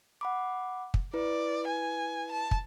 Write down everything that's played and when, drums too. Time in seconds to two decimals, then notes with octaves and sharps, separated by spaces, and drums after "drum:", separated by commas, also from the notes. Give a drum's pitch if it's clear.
0.21 F#5 B5 D6
0.94 drum: kick
1.14 E4 B4 D5
1.68 G#5
2.31 A5
2.51 drum: kick